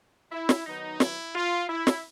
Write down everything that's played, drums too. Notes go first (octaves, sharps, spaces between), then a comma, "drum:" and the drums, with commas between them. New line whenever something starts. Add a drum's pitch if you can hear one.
E4
drum: snare
D#3 F#3 B3 D#4
E4, drum: snare
F4
E4
drum: snare